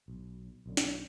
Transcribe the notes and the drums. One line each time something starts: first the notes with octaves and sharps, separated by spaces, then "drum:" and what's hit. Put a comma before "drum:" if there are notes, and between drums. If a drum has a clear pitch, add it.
B1
B1 F#2 D3
drum: snare